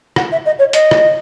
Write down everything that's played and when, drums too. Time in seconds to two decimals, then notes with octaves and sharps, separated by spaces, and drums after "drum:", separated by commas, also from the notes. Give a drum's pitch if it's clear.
0.16 F#5, drum: rim click
0.31 E5
0.45 D#5
0.59 C#5
0.73 D#5, drum: hi-hat
0.91 drum: rim click